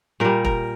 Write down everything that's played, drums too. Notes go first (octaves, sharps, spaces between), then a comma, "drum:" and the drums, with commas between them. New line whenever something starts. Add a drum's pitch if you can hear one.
A#2 G3 A#4
A#4, drum: kick E1